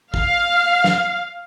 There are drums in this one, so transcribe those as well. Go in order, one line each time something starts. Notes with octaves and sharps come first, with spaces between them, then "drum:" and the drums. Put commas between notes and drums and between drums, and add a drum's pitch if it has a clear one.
F5, drum: kick
drum: snare